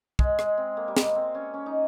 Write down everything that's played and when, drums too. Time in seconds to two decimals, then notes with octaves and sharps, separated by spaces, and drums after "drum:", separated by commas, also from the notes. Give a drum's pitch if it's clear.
0.19 G#3, drum: kick
0.39 G#3, drum: rim click
0.58 C4
0.77 A#3
0.88 G3
0.97 G#3, drum: snare
1.16 C4
1.35 C#4
1.54 C#4
1.66 D#4